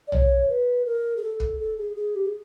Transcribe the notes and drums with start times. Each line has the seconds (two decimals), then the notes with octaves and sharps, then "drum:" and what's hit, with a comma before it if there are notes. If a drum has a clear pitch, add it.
0.07 D5
0.12 C#5, drum: tom B1
0.49 B4
0.86 A#4
1.17 G#4
1.23 A4
1.40 drum: kick
1.60 A4
1.78 G#4
1.97 G#4
2.15 G4
2.26 G#4